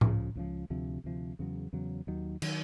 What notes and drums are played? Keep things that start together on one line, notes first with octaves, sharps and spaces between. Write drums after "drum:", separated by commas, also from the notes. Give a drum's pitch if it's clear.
C#2 C#3 F3, drum: tom A2
C#2 C#3 F3
D2 C3 F3
D2 C3 F3
E2 C#3 F#3
E2 C#3 F#3
D#2 D#3 F#3
D#3 F#3, drum: cymbal